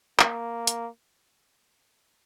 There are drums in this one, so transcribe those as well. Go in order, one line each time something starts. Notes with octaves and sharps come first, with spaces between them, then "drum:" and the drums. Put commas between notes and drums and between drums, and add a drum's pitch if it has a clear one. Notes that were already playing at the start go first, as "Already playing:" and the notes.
A#3, drum: clap
drum: hi-hat